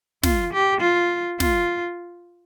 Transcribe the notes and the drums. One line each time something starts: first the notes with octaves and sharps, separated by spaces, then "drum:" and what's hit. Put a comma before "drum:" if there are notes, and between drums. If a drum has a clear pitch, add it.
F4, drum: snare
G4
F4
F4, drum: snare